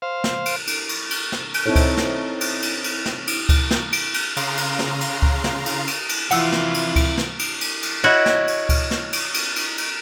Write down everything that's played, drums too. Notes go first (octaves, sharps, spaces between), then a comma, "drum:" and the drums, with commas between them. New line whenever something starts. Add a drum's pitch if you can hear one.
C5 F5
drum: snare
drum: cymbal
drum: cymbal
drum: cymbal
drum: cymbal
drum: snare
drum: cymbal
C4 D#4 E4 A4 C#5
drum: kick C#2, cymbal
drum: snare
drum: cymbal
drum: cymbal
drum: cymbal
drum: snare
drum: cymbal
drum: kick C#2, cymbal
drum: snare
drum: cymbal
drum: cymbal
C#3 F5 A#5 C6, drum: cymbal
drum: cymbal
drum: snare
drum: cymbal
drum: kick C#2
drum: snare
drum: cymbal
drum: cymbal
drum: cymbal
F2 C3 E3 E4 F4 F#5 E6, drum: cymbal
drum: snare
drum: cymbal
drum: kick C#2, cymbal
drum: snare
drum: cymbal
drum: cymbal
drum: cymbal
E4 F#4 C#5 D#5
drum: snare
drum: cymbal
drum: kick C#2, cymbal
drum: snare
drum: cymbal
drum: cymbal
drum: cymbal
drum: cymbal